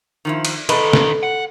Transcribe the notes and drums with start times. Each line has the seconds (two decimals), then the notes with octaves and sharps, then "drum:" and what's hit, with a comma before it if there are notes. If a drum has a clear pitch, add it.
0.25 D#3 F3 E4
0.45 drum: cymbal
0.69 D3 D#3 A4 B4 D#5, drum: cymbal
0.93 drum: snare
1.23 F#5